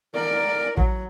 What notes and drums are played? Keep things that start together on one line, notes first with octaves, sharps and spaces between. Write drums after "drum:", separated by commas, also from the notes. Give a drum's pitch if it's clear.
A#4 D5
F#3, drum: kick A1